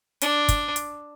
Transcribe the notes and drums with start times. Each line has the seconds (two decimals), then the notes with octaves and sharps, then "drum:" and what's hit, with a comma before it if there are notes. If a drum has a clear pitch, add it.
0.21 D4, drum: hi-hat
0.48 drum: kick, hi-hat
0.76 drum: hi-hat